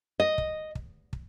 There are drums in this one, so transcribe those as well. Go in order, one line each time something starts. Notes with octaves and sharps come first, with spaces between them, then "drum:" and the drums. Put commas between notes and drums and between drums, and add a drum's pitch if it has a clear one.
D#5
drum: kick
drum: kick
drum: kick